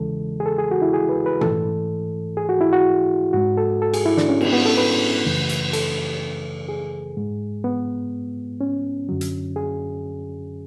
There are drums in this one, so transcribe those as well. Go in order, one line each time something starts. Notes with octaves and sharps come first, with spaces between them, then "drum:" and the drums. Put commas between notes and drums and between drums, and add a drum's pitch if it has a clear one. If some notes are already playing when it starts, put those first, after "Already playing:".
Already playing: E2 C#3 E3 G#3 A4
G#4
A4
G#4
F#4
E4
G#4
B4
B4
G#2 E3 A3 A4, drum: tom A#2
G#4
F#4
E4
F#4
G#2 G#3 F#4
A4
A4
G#4, drum: cymbal
E4
D4, drum: snare
C#4
B3, drum: cymbal
B3
A4
B4
F#2 C#3 E3 A3
drum: hi-hat
A4, drum: cymbal
G#4
G#2 G#3
B3
C#4
F#2 D3 F#3
drum: hi-hat
G#4